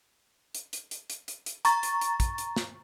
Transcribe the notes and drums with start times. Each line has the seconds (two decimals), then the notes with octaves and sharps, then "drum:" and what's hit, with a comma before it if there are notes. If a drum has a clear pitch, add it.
0.55 drum: hi-hat
0.73 drum: hi-hat
0.91 drum: hi-hat
1.10 drum: hi-hat
1.28 drum: hi-hat
1.46 drum: hi-hat
1.65 A#5 C#6 A6, drum: hi-hat
1.83 drum: hi-hat
2.01 drum: hi-hat
2.20 drum: kick, hi-hat
2.38 drum: hi-hat
2.56 drum: snare